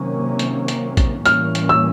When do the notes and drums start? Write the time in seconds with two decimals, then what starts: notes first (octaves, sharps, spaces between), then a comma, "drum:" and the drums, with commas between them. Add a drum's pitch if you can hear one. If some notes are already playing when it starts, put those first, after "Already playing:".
Already playing: C3 D#3 F#3 A#3 C#4
0.39 drum: hi-hat
0.68 drum: hi-hat
0.97 drum: kick, hi-hat
1.25 A2 E3 G3 A#3 C#4 F6, drum: hi-hat
1.55 drum: hi-hat
1.69 E6